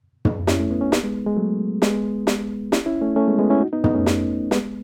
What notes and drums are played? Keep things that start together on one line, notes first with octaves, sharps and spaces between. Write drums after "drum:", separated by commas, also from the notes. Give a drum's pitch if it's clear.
drum: tom
C#4 E4, drum: snare
A3
B3
C#4
B3 D#4, drum: snare
G#3 B3
G#3
F#3 A3
G#3 B3, drum: snare
drum: snare
C#4 E4, drum: snare
C#4 E4
A3 C#4
A3 C#4
G#3 B3
G#3 B3
C#4 E4
D#4 F#4
B3 D#4
B3 D#4, drum: tom
A3 C#4
drum: snare
G#3 B3, drum: snare